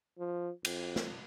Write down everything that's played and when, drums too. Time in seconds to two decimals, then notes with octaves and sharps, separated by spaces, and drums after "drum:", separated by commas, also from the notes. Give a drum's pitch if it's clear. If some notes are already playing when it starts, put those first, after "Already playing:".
0.19 F3
0.65 F2, drum: cymbal
0.96 drum: snare